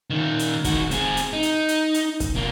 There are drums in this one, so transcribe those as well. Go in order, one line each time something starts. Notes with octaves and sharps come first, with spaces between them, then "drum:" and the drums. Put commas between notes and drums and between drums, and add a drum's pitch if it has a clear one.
A#2 D#3
drum: hi-hat
D#3 F#4, drum: kick, hi-hat
C4 G#4, drum: hi-hat
drum: hi-hat
D#4
drum: hi-hat
drum: hi-hat
drum: hi-hat
drum: kick, hi-hat
B2 A#3